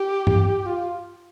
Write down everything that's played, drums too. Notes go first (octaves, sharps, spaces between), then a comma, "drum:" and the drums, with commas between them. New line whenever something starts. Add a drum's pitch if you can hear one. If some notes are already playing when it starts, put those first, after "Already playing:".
Already playing: G4
drum: tom G2
F4